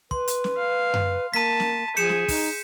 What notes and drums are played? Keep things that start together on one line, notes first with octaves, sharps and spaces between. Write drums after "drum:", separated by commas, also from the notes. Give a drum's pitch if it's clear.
B4 C6, drum: kick
drum: hi-hat
drum: snare
F5
drum: tom F#2
A#3 A5 B6 D#7
drum: snare
F3 G#4 G6 C#7 E7
drum: snare
D#4, drum: kick, open hi-hat